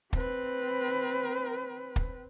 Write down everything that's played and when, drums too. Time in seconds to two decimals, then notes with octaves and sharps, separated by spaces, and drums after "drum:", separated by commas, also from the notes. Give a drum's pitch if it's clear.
0.13 C4 B4, drum: kick
1.96 drum: kick